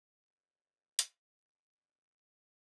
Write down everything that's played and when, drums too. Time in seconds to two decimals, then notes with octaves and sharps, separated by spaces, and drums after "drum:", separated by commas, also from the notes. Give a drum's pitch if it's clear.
0.19 B2 A3 F4 G4 A#4 C#5
0.99 drum: hi-hat
1.35 F2 D4 D5